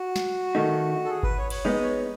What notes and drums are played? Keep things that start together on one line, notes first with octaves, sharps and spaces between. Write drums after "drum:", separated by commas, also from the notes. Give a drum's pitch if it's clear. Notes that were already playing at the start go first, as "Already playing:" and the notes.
Already playing: F#4
drum: snare
D#3 A3 D#4
A4
G#4
B4, drum: kick G1
C#5
C#5, drum: cymbal
G#3 B3 D#4 D#5
C#5